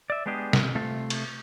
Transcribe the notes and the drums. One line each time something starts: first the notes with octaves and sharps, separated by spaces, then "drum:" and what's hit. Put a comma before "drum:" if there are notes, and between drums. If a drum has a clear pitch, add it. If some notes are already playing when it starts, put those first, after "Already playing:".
D5 E5
G#3 B3 D4 G4 G#4
drum: snare
C3 A3 F4
drum: cymbal